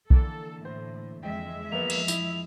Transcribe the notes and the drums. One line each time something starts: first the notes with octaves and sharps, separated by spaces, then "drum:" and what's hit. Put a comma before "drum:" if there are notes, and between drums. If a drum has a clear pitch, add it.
D3 E3 A#3 A4, drum: kick B1
A2 C5
F2 G#3 E5 G5
F3 A#3 B3 F7
drum: cymbal
E4 D#6, drum: tambourine